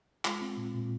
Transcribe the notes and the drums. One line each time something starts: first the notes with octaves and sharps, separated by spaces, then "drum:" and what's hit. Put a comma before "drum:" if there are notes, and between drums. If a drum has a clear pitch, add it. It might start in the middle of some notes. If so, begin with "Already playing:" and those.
G#3 F4, drum: clap
C4
A#2
A#2